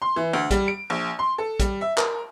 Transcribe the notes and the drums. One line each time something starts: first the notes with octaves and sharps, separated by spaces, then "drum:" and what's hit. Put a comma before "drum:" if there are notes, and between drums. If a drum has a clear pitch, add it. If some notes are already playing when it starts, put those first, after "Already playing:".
C6
E3
D2
G3, drum: kick, hi-hat
D7
A#1
C6
A4
G3, drum: kick, hi-hat
E5
A#4, drum: clap